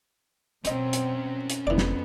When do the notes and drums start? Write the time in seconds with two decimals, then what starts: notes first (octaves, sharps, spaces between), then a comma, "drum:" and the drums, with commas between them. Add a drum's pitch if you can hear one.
0.65 B2 C4 C#4 A#4 C5 D#5, drum: hi-hat
0.93 drum: hi-hat
1.50 drum: hi-hat
1.67 F#1 F2 E3 B3 D5
1.78 drum: snare